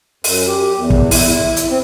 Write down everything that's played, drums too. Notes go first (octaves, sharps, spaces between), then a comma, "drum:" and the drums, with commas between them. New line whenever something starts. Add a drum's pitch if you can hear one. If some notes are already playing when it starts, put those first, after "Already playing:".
F#2, drum: open hi-hat
G4
E2
drum: kick
E4, drum: open hi-hat
E4
drum: hi-hat
C4